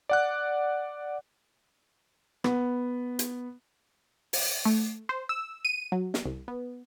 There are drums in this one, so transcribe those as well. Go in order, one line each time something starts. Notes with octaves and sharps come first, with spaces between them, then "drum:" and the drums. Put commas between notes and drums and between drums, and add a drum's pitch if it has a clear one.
D5 F#5 F#6
B3, drum: rim click
drum: hi-hat
drum: open hi-hat
A3
C5
E6
D#7
F#3
drum: snare
C2
B3